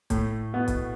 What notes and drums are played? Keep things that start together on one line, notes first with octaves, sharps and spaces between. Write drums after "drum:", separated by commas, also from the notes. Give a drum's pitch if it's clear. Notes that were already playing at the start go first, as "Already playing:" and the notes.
A2 A3, drum: kick, hi-hat
B2 B3
drum: kick, hi-hat